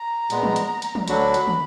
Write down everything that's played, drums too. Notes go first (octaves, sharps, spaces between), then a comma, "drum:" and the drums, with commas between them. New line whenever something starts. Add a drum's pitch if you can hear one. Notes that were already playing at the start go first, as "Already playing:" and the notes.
Already playing: A#5
A#2 G#3 B3, drum: hi-hat
drum: tom
drum: hi-hat
drum: hi-hat
drum: tom
D2 D3 F#3 D4 F#4 B5, drum: hi-hat
drum: hi-hat
drum: tom